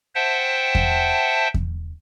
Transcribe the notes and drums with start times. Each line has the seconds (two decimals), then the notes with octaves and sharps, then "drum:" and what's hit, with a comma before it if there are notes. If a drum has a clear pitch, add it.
0.15 C5 E5 F#5 G5 A5
0.75 drum: kick E2
1.54 drum: kick E2